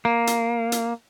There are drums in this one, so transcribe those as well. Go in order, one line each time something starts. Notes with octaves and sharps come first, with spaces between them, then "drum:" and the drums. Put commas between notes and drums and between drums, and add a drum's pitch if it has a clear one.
A#3
drum: hi-hat
drum: hi-hat